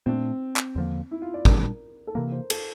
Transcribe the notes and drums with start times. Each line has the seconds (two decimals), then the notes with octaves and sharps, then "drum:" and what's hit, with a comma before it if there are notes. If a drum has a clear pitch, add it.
0.06 A#2 A3 C4 D4
0.56 drum: clap
0.76 E2 D3 F3 A#3
1.11 E4
1.22 F4
1.34 D5
1.45 A#2 G3 D4 A#4, drum: kick
2.07 A4
2.15 C3 E3 A#3 A#4
2.32 C5
2.50 A4, drum: cymbal